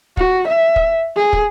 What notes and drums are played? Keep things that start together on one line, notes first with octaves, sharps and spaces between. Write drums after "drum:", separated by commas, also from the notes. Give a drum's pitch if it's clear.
F#4, drum: kick
E5
drum: kick
G#4
drum: kick